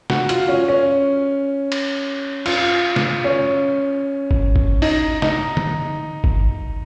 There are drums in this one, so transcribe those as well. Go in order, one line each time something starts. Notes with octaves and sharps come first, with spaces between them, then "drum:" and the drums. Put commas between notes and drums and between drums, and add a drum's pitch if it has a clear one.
F#4, drum: snare
F4, drum: hi-hat
C#4
C#4
drum: cymbal
F4, drum: cymbal
drum: snare
C#4
drum: kick G1
drum: kick G1
D#4, drum: open hi-hat
D#4, drum: snare
drum: tom D3
drum: kick G1